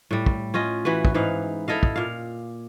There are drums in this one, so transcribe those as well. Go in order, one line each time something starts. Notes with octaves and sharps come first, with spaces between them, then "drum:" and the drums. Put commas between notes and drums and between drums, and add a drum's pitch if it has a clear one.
A2 G3
drum: kick
C#4 F4 D#5
E3 F#4 B4
drum: kick
G#2 E3 D#4 F5
E4 A4 D#5 F5
drum: kick
A#2 F5